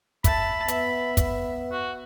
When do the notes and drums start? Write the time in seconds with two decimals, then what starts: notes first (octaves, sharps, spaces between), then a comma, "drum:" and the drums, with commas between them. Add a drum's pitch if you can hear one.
0.24 E5 A5 B5, drum: kick, hi-hat
0.68 B3 E5, drum: hi-hat
1.17 drum: kick, hi-hat
1.71 F#4